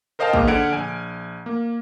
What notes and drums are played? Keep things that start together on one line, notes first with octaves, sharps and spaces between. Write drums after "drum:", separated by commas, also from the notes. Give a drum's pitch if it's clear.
A#4 C5 D#5 F5 G5 A5
E2 G#2 A#3 D#5 F6, drum: kick
D3 F#5 G#6 D7
A#1 G#5
A#3